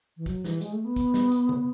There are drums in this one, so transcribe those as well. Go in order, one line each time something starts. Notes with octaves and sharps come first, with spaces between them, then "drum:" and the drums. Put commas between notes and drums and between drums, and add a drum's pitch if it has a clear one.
E3
F#3, drum: kick, hi-hat
E3, drum: snare
G#3, drum: hi-hat
A3
B3
drum: kick, hi-hat
drum: snare
drum: hi-hat
drum: tom C#3